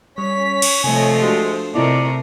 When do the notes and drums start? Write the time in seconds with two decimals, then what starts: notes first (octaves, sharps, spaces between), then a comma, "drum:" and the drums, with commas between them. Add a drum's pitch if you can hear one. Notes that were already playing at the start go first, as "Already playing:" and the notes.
0.18 G3 C#4 C#5 B6
0.62 drum: cymbal
0.84 C3 F3 A3 A4 C#5 D#5 G#5
1.21 G#3 D4 F#4 G4 C5
1.75 C3 A3 E4 F4 A#4 D5 D#5